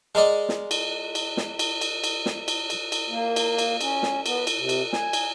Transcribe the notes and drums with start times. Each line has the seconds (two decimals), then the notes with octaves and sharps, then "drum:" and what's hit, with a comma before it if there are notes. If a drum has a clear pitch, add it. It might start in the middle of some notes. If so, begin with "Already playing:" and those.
0.15 G#3 A#4 D5 D#5
0.49 drum: snare
0.71 drum: cymbal
1.15 drum: cymbal
1.37 drum: snare
1.59 drum: cymbal
1.81 drum: cymbal
2.04 drum: cymbal
2.26 drum: snare
2.48 drum: cymbal
2.70 drum: cymbal
2.92 drum: cymbal
3.09 A#3
3.36 drum: cymbal
3.58 drum: cymbal
3.81 C#4, drum: cymbal
4.03 drum: snare
4.26 B3, drum: cymbal
4.47 drum: cymbal
4.57 C3
4.69 drum: cymbal
4.93 G#5, drum: snare
5.13 drum: cymbal